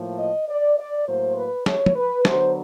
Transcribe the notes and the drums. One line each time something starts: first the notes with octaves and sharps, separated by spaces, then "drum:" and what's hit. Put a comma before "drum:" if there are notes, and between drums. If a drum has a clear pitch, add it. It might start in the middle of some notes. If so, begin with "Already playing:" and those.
Already playing: A2 F3 A#3
D#5
D5
D5
A2 F#3 A#3 C5
B4
C#5, drum: snare
drum: tom
B4
D3 F#3 B3 C5, drum: snare